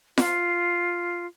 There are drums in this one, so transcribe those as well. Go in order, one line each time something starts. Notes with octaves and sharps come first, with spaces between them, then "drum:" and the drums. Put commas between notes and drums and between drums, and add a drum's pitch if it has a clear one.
F4, drum: snare F4